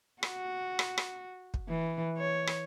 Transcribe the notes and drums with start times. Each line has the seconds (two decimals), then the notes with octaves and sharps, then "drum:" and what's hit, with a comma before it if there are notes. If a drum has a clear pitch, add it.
0.23 F#4, drum: rim click
0.79 drum: rim click
0.98 drum: rim click
1.54 drum: kick
1.69 E3
2.18 C#5
2.47 drum: rim click